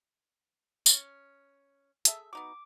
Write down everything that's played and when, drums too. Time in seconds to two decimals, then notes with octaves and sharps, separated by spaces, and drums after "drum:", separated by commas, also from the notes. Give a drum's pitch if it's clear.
0.86 C#4, drum: tambourine
2.05 G#4 A4 E5, drum: hi-hat
2.33 B3 D#4 F#4 D6